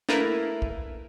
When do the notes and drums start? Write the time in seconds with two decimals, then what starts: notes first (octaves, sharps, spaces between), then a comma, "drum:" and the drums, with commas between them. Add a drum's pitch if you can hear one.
0.09 A3 A#3 E4 A#4 B4, drum: snare
0.62 drum: kick